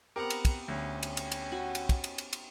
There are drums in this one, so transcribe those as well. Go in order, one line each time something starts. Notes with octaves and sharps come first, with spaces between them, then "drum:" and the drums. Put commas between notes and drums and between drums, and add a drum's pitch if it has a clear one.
B3 C4 G4 A#4 F#5 A#5
drum: cymbal
drum: kick, cymbal
D2 C#4
drum: cymbal
drum: cymbal
drum: cymbal
F#4 B5
drum: cymbal
drum: kick, cymbal
drum: cymbal
drum: cymbal
drum: cymbal